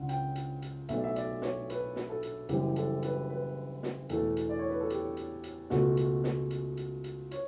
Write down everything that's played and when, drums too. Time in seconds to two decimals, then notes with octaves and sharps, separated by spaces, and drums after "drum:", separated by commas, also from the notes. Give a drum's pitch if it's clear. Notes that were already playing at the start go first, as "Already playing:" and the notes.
Already playing: C#2 C#3 F#5
0.09 G5, drum: hi-hat
0.36 drum: hi-hat
0.62 drum: hi-hat
0.89 B1 B2 A3 E5, drum: hi-hat
0.96 D5
1.04 E5
1.16 D5, drum: hi-hat
1.42 C#5, drum: snare
1.70 B4, drum: hi-hat
1.96 drum: snare
2.09 A4
2.23 drum: hi-hat
2.49 F#1 F#2 E3 G3 G4, drum: hi-hat
2.76 A4, drum: hi-hat
3.02 B4, drum: hi-hat
3.30 B4
3.83 drum: snare
4.09 E2 B2 A3 A4, drum: hi-hat
4.37 drum: hi-hat
4.49 D5
4.59 C#5
4.69 B4
4.81 A4
4.90 G4, drum: hi-hat
5.17 drum: hi-hat
5.44 drum: hi-hat
5.70 C#2 B2 A3 F#4, drum: snare
5.97 drum: hi-hat
6.24 drum: snare
6.51 drum: hi-hat
6.77 drum: hi-hat
7.04 drum: hi-hat
7.31 C#5, drum: hi-hat